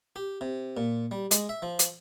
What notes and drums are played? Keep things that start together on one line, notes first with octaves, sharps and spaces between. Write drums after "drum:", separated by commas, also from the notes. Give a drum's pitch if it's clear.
G4
C3
A#2
G3
G#3, drum: hi-hat
E5
F3
drum: hi-hat